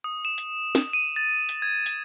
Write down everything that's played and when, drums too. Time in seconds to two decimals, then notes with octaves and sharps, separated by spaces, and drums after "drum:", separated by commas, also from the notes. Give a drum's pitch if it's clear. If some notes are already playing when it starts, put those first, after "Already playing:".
0.04 D#6
0.25 E7
0.38 drum: hi-hat
0.75 drum: snare
0.93 D#7
1.16 A6
1.49 drum: hi-hat
1.62 G#6
1.86 drum: hi-hat